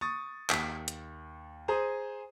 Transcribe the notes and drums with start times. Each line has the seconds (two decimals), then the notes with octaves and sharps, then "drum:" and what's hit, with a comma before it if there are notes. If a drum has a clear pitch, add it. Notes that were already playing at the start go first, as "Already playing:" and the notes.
0.01 C#6 D#6 A6
0.50 D#2 B6, drum: clap
0.88 drum: hi-hat
1.68 G#4 C5 A#5 D#6